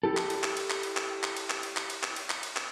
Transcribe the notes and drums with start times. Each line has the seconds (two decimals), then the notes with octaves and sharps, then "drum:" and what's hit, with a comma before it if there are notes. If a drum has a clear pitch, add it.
0.03 E4 G4 A4
0.17 drum: clap
0.30 drum: cymbal
0.43 drum: clap
0.57 drum: cymbal
0.70 drum: clap
0.83 drum: cymbal
0.97 drum: clap
1.23 drum: clap
1.37 drum: cymbal
1.50 drum: clap
1.63 drum: cymbal
1.76 drum: clap
1.90 drum: cymbal
2.03 drum: clap
2.16 drum: cymbal
2.30 drum: clap
2.43 drum: cymbal
2.56 drum: clap